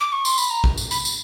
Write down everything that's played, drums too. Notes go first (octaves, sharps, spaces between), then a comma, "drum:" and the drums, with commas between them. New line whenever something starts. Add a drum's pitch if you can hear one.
D6
C#6
C6, drum: tambourine
B5, drum: tambourine
A#5
drum: kick
drum: tambourine
B5, drum: tambourine
drum: tambourine